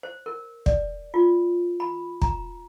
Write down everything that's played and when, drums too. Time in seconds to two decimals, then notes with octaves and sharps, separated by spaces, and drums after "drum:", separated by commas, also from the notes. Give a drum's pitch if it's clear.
0.03 C5
0.26 A#4
0.66 D5, drum: kick
1.14 F4
1.80 B5
2.22 A#5, drum: kick